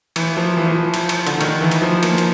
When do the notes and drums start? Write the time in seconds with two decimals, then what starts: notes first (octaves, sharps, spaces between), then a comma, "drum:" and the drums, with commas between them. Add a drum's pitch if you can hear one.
0.16 E3, drum: cymbal
0.37 F3
0.57 E3
0.66 F3
0.72 E3
0.94 drum: cymbal
1.09 drum: cymbal
1.26 D3, drum: cymbal
1.41 D#3, drum: cymbal
1.61 E3
1.71 drum: cymbal
1.82 F3
2.03 A#3, drum: cymbal
2.18 drum: cymbal